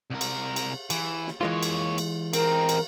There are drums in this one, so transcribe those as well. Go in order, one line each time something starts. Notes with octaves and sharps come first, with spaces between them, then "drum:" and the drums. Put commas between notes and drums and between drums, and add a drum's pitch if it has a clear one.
C2 A#4
drum: cymbal
drum: cymbal
E3, drum: cymbal
drum: snare
E3 G#3 A#3 F4 C#5
drum: cymbal
drum: cymbal
C4 D#4 A#4, drum: cymbal
drum: cymbal